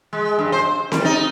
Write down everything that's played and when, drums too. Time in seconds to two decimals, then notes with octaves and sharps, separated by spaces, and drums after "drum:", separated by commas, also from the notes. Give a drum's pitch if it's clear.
0.13 G#3
0.39 G2
0.52 C5
0.92 G3, drum: snare C4
1.05 D#4